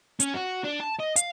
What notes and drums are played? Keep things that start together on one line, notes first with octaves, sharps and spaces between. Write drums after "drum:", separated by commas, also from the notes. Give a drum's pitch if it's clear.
C#4, drum: hi-hat
F#4
D4
A5
D#5
F5, drum: hi-hat